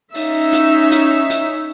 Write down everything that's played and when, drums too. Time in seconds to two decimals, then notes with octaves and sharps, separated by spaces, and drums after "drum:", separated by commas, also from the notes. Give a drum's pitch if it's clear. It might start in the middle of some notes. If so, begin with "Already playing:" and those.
0.14 C#4 D#4 E5, drum: open hi-hat
0.53 drum: hi-hat
0.91 drum: hi-hat
1.30 drum: hi-hat